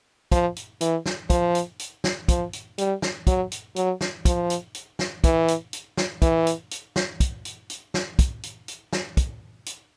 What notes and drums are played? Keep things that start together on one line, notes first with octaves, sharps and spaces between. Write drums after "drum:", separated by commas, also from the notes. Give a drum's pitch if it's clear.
F3, drum: kick, hi-hat
drum: hi-hat
E3, drum: hi-hat
drum: snare
F3, drum: kick, hi-hat
drum: hi-hat
drum: hi-hat
drum: snare
F3, drum: kick, hi-hat
drum: hi-hat
G3, drum: hi-hat
drum: snare
F#3, drum: kick, hi-hat
drum: hi-hat
F#3, drum: hi-hat
drum: snare
F3, drum: kick, hi-hat
drum: hi-hat
drum: hi-hat
drum: snare
E3, drum: kick, hi-hat
drum: hi-hat
drum: hi-hat
drum: snare
E3, drum: kick, hi-hat
drum: hi-hat
drum: hi-hat
drum: snare
drum: kick, hi-hat
drum: hi-hat
drum: hi-hat
drum: snare
drum: kick, hi-hat
drum: hi-hat
drum: hi-hat
drum: snare
drum: kick, hi-hat
drum: hi-hat